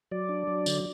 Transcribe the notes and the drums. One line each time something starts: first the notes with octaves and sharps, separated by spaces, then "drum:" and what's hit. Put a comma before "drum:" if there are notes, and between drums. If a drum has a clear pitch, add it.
F#3 D5
D4
F#3
D3, drum: tambourine